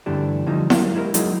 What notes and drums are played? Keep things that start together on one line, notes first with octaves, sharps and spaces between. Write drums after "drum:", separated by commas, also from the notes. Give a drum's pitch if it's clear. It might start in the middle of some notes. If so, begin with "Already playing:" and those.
G2 D3 E3 A3 D4 G4
D3 E3 F3 G3 A3 D#4
F#3 G3 A#4 F5, drum: snare E4
G#3 E4 G4 A4 A#4
F#3 G#3 A#3 D#4 E4 G#4, drum: hi-hat